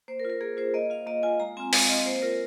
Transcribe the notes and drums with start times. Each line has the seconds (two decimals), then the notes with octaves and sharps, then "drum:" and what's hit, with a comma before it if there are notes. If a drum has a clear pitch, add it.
0.08 A#3 C5
0.20 A#4
0.25 F4
0.30 A#4
0.41 A#3 G#4
0.57 F4 C5
0.74 A#3 D#5
0.90 F4 F5
1.06 A#3 D#5
1.23 F4 G#5
1.40 G#3 A#5
1.57 C4 F4 G#5
1.73 G#3 F5, drum: open hi-hat
1.89 C4 F4 D#5
2.06 A#3 C5
2.22 F4 A#4